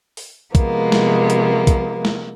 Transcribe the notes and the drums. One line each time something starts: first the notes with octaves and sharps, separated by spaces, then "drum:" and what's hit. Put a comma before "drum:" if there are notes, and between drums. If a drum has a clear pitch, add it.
drum: open hi-hat
C3 F3 G#3 A#3 B3, drum: kick, hi-hat
drum: snare
drum: hi-hat
drum: kick, hi-hat
drum: snare